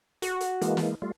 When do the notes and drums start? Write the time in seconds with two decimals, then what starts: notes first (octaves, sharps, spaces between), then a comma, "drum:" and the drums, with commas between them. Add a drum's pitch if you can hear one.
0.22 F#4, drum: hi-hat
0.40 drum: hi-hat
0.62 E3 G#3 A#3, drum: hi-hat
0.77 drum: snare
1.02 G3 A3 F4